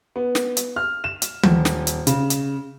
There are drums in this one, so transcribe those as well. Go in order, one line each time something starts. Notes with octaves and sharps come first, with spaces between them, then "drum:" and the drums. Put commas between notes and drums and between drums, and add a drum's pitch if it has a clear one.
B3
drum: snare
drum: hi-hat
F6
E7
drum: hi-hat
D#1, drum: tom E3
drum: snare
drum: hi-hat
C#3, drum: hi-hat
drum: hi-hat